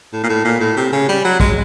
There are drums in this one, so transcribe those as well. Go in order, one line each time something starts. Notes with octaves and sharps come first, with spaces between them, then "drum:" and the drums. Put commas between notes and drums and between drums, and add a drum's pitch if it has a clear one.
A2
A#2
A2
A#2
A2
C3
C#3
G3
F#3
G#3, drum: kick